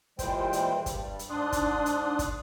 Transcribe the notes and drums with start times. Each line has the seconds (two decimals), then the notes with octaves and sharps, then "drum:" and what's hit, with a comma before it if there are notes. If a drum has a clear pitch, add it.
0.19 A#2 E3 G3 G#3 C5 G5, drum: kick, hi-hat
0.53 drum: hi-hat
0.86 G2 G3, drum: kick, hi-hat
1.19 drum: hi-hat
1.30 G#2 D4 D5 C6 D#6 F#6
1.52 drum: kick, hi-hat
1.86 drum: hi-hat
2.19 drum: kick, hi-hat